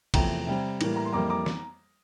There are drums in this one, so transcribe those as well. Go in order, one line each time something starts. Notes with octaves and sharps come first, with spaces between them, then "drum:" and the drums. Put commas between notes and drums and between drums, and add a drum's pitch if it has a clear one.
E2 C3 F3 A3 G5 A#5, drum: kick, cymbal
C3 G3 C4
A2 E3 G3 A#3, drum: cymbal
A#5
C6
F2 E3 G3 A#3 A#5 D6
A#5 D6
drum: snare